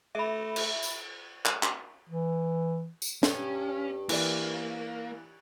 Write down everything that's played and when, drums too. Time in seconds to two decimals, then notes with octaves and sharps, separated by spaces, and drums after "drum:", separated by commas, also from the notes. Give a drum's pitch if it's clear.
0.15 A3 E5 B5
0.56 drum: cymbal
0.83 drum: tambourine
1.45 drum: clap
1.63 drum: clap
2.08 E3
3.02 drum: tambourine
3.23 G2 C#4, drum: snare
4.09 E3 A#3 D5, drum: cymbal